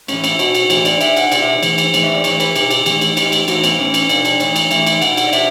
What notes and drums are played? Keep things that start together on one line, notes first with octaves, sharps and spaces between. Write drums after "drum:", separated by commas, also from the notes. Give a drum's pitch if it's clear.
A2 E3 C#4, drum: cymbal
E4, drum: cymbal
B2 F#4, drum: cymbal
drum: cymbal
A2 E3 F#4, drum: cymbal
D5, drum: cymbal
B2 E5, drum: cymbal
F#5, drum: cymbal
B2 D5, drum: cymbal
E5
A2 E3, drum: cymbal
drum: cymbal
A2 E3, drum: cymbal
E5
D5
A2 E3 C#5, drum: cymbal
B4, drum: cymbal
B2 G4, drum: cymbal
drum: cymbal
A2 E3, drum: cymbal
drum: cymbal
A2 E3 G4, drum: cymbal
drum: cymbal
A2 E3 F#4, drum: cymbal
B3, drum: cymbal
A2 E3 C#4
drum: cymbal
B2 D4, drum: cymbal
D4, drum: cymbal
A2 E3 C#5, drum: cymbal
drum: cymbal
A2 E3 E5, drum: cymbal
drum: cymbal
B2 F#5, drum: cymbal
drum: cymbal
D5
B2 E5, drum: cymbal